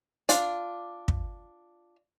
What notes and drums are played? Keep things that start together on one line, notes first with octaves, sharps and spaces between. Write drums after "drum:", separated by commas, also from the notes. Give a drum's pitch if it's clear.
D4 F4 D5, drum: hi-hat
drum: kick